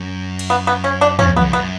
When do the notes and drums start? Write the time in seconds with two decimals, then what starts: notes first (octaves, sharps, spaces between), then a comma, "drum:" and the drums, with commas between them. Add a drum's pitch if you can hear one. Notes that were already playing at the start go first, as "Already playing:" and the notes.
Already playing: F#2
0.39 drum: cymbal
0.50 B3
0.67 B3
0.84 C#4
1.01 D4
1.19 F2 C#4, drum: tom
1.36 B3, drum: tom
1.41 F2
1.53 F#2 B3